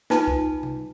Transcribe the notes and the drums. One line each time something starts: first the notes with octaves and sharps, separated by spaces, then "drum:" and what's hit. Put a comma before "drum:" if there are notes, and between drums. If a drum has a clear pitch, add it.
D#4 F4 B4 G#5 A5, drum: snare
drum: kick C2
drum: tom C3